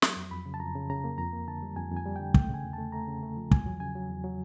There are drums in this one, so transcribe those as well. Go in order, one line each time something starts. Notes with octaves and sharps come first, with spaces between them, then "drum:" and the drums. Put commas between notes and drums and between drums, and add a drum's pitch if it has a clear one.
F#3, drum: snare
F2
F2 B5
C#3
A5
F2 A#5
C#3
C#3 A#5
A#3
F2 A#5
A#3
D3 A5
G3
F2 G#5
F2
G#5
G3
D3 G5
A3 G5, drum: kick
C#3 G#5
E2
A3 A5
A3 A#5
C#3
A3
F3
E2 G#5, drum: kick
F#3
C#3 G#5
F#3
E2
F#3